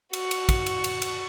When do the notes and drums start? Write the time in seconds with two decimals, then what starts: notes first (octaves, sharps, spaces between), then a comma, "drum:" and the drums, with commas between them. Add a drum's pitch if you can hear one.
0.13 F#4 C#6, drum: cymbal
0.31 drum: cymbal
0.49 drum: kick, cymbal
0.66 drum: cymbal
0.84 drum: cymbal
1.02 drum: cymbal